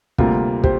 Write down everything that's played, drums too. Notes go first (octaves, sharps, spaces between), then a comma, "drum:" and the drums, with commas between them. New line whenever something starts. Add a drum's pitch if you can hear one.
D2 C3 G3 A#3 F4 A#4, drum: kick
G4 C5, drum: kick